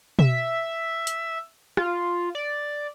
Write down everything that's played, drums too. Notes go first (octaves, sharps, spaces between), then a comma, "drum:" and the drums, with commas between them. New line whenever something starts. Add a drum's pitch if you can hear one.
E5, drum: tom B2
drum: hi-hat
F4, drum: rim click
D5